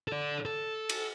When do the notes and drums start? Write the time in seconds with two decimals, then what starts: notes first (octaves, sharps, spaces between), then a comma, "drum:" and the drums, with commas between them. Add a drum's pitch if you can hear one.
0.08 A4 D5
0.45 A4
0.89 drum: cymbal